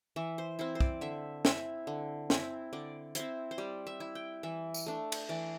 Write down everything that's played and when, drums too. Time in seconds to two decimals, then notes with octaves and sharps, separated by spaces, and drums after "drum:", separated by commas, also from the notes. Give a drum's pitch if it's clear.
0.16 E3 E5
0.38 C5
0.59 C4 E4 C5
0.75 C5
0.80 D5, drum: kick
1.01 D3 E5
1.45 C4 E4 E5, drum: snare
1.87 D3
2.30 C4 E4, drum: snare
2.73 D3 D5
3.15 C4 E4 C5, drum: hi-hat
3.51 C5
3.58 G3 D5
3.87 E5
4.00 E4
4.15 G5
4.43 E3 E5
4.74 drum: tambourine
4.86 A3 D4
5.12 drum: cymbal
5.29 E3 D5